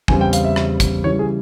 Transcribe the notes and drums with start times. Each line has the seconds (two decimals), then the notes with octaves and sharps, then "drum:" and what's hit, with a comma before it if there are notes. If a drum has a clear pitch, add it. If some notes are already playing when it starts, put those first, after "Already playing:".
0.08 E2 C#3 G3 C4 G#5, drum: kick
0.21 G5
0.33 F5, drum: hi-hat
0.44 E5
0.56 drum: rim click
0.80 drum: kick, hi-hat
1.04 C#3 E3 G3 C#5
1.19 G#4